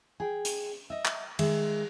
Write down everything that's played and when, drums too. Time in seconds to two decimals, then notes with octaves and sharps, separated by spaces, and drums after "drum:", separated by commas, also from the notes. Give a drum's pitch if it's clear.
0.20 G#4 G5
0.45 drum: hi-hat
0.90 D#5 E5
1.05 drum: clap
1.39 D#3 G#3 E5, drum: cymbal